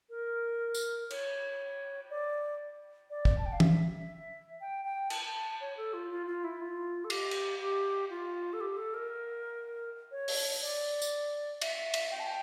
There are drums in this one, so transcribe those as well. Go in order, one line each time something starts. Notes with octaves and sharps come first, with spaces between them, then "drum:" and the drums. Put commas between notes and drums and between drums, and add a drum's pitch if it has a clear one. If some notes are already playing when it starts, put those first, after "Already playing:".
A#4
drum: tambourine
C#5, drum: cymbal
D5
D5
drum: kick
A5
G5
F5
E5, drum: tom
G5
G5
A5, drum: cymbal
C#5
A4
F4
F4
F4
E4
F4
A4
G4, drum: cymbal
drum: cymbal
G4
F4
A4
G4
A4
A#4
C#5
drum: open hi-hat
D5
drum: tambourine
E5, drum: cymbal
drum: cymbal
G5
A5
G5